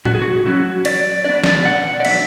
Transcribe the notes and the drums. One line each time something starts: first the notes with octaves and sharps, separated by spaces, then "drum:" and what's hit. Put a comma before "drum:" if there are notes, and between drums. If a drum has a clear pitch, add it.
C#3 F#4, drum: tom A2
G#4
F#4
F#3 C#4 E4 F#4
F#3 D5, drum: cymbal
B3 D4 D5
drum: snare
B2 F#5
D5
F#3 B3 D4 E5, drum: cymbal